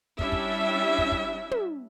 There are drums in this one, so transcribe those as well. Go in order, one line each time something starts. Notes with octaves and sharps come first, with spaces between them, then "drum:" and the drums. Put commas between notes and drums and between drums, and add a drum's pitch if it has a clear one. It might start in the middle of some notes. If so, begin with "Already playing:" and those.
G3 C#4 D4 E4 E5, drum: kick
drum: kick
drum: kick
drum: kick
drum: tom